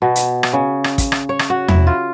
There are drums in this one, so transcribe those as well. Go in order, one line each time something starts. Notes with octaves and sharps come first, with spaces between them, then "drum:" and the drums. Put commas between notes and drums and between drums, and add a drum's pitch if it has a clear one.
B2
drum: hi-hat
drum: rim click
C#3
drum: rim click
drum: kick, hi-hat
drum: rim click
C#5
drum: rim click
F#4
E4, drum: tom E2
F4